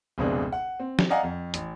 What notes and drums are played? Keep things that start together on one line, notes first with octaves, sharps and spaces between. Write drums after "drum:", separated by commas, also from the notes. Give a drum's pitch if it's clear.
F1 C#2 B2 C4 D4 G#4
F#5
C4
drum: snare
D5 D#5 F5 F#5 G#5 A#5
F2
A1, drum: hi-hat